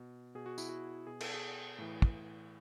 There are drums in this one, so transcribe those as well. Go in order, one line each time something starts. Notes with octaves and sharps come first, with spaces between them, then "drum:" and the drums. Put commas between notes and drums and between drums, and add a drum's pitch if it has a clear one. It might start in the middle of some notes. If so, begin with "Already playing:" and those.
Already playing: B2
B2 G#4
F#4
E4, drum: tambourine
F#4
B2 G#4
A4, drum: cymbal
G#4
A2 E3
drum: kick